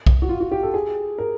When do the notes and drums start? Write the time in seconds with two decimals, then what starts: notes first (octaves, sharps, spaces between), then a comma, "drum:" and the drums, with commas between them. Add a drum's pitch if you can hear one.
0.06 drum: kick B1
0.22 F#4
0.29 F4
0.40 F#4
0.51 G4
0.63 A4
0.74 G#4
1.18 A#4